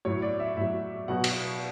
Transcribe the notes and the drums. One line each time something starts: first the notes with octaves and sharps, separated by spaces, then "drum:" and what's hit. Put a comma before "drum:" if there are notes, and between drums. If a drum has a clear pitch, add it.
A2 F#3 C#5
D5
E5
A2 F#3 E5
B2 F#3 F#5
drum: cymbal